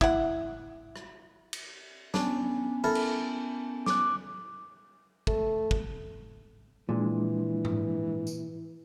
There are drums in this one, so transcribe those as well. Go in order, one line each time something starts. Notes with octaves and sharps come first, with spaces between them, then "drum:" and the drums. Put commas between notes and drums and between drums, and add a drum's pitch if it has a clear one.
E4 F#5, drum: kick
drum: rim click
drum: cymbal
B3 C#4 D4 G#5, drum: snare
E4 A4 A#4
drum: cymbal
D6 F#6, drum: snare
A3, drum: kick
drum: kick
A#2 E3 F3 G#3 D4
drum: tom G#2
drum: tambourine